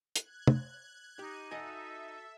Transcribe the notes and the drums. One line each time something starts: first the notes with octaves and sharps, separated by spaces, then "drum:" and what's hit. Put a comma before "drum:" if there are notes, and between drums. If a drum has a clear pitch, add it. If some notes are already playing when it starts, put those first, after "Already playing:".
F#6 G#6, drum: hi-hat
drum: tom
D#4 G4 D6
F#4 A4 D#5 E5 G#5